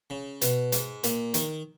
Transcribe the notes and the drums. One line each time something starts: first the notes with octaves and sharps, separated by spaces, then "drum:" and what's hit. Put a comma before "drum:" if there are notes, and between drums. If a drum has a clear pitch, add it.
C#3
B2, drum: hi-hat
G#2, drum: hi-hat
A#2, drum: hi-hat
D#3, drum: hi-hat